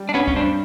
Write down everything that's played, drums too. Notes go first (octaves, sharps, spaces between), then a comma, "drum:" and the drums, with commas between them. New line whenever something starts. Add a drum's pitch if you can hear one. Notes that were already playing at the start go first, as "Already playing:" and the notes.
Already playing: G3
D4
G2 B3 C#4
C#4, drum: kick C#2
G2 C4 D4